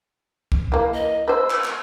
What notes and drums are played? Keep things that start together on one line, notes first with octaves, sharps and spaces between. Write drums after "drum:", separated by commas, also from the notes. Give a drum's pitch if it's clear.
drum: kick
E3 A#3
D#5
B4 C5 E6
drum: clap
drum: clap